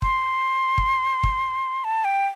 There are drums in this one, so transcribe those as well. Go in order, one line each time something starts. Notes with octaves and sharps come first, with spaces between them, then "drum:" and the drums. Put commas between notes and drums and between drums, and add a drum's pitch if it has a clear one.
C6, drum: kick
drum: kick
drum: kick
A5
G5